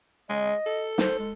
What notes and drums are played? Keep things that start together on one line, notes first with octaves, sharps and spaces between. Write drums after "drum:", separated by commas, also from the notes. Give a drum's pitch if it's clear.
G#3 D#5
A4
C5, drum: snare
G#3